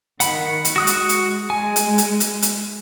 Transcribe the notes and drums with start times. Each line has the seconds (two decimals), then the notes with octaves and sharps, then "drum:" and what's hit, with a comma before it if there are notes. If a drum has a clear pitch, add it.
0.20 D#3 F#5 B5, drum: hi-hat
0.65 drum: hi-hat
0.76 G#3 F#4 D#6 F#6
0.87 drum: hi-hat
1.09 drum: hi-hat
1.50 G#3 G#5
1.76 drum: hi-hat
1.98 drum: hi-hat
2.20 drum: hi-hat
2.42 drum: hi-hat